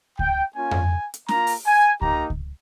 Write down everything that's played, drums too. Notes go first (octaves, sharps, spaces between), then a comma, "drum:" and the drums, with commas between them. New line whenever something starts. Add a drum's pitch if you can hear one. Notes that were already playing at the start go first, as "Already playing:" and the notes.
G5, drum: kick C#2
A#3 C#4 F4 G#5
drum: tom F2
drum: hi-hat
A#3 F4 A#5, drum: snare
drum: open hi-hat
G#5
A#3 D#4 G4 A#5, drum: kick C#2
drum: kick C#2